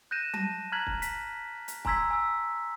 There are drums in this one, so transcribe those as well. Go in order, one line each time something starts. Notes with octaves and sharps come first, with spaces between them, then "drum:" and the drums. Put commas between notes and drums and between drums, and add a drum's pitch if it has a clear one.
F#6 G6 A#6 D#7 E7
A5 A#6 D#7, drum: tom F#3
A#5 F6 F#6 G#6 B6 F#7
drum: kick
B6, drum: hi-hat
drum: hi-hat
G#5 A#5 C6 E6 G#6 B6, drum: kick
G#5 E6